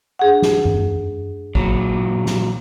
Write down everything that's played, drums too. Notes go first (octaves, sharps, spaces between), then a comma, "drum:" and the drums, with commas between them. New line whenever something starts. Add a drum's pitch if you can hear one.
D4 G#4 F#5
drum: snare
drum: tom
A#2 F#3, drum: kick G#1
drum: snare